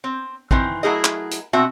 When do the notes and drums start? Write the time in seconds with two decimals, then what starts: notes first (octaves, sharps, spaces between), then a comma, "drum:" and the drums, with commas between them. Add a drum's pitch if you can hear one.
0.04 C4
0.51 D#3 E3 C4, drum: kick
0.83 F#3 A3 E4 G#4 A#4 D#5
1.04 drum: clap
1.31 drum: hi-hat
1.53 B2 C4 F#4 E5